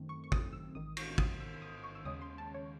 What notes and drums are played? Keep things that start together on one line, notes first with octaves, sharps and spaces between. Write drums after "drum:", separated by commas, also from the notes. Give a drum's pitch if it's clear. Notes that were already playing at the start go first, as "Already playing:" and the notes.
Already playing: F#2 D#3 A3 C4
C#6
C#6
D#6, drum: kick
E6
A1 G#2 D#3 D#6
C#6, drum: cymbal
D#6, drum: kick
E6
D#6
C#6
E6
D#2 C#3 G#3 C#4 D#6
C6
A5
C#5